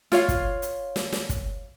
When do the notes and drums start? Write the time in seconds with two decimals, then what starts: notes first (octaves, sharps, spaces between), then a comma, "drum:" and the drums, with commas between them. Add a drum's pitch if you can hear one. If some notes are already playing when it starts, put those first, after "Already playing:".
0.12 F4 C#5 F5, drum: snare
0.28 drum: kick, hi-hat
0.62 drum: hi-hat
0.96 drum: snare
1.12 drum: snare
1.29 drum: kick, hi-hat